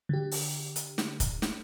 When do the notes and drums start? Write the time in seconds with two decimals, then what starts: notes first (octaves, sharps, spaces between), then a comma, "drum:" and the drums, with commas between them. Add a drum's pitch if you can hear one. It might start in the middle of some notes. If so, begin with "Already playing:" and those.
0.09 D3 G4
0.31 drum: open hi-hat
0.76 drum: hi-hat
0.98 drum: snare
1.20 drum: kick, hi-hat
1.42 drum: snare